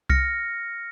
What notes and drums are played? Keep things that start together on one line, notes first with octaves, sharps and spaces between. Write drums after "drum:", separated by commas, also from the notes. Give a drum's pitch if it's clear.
F6 A#6 C#7, drum: kick C2